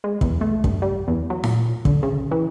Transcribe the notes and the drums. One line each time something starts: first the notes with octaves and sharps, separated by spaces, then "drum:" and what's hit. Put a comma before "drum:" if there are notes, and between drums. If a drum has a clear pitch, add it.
G#3
E2, drum: kick
A3
G2, drum: kick
G3
E2
F#3
A#2, drum: snare D#4
D3, drum: kick
C#3
E3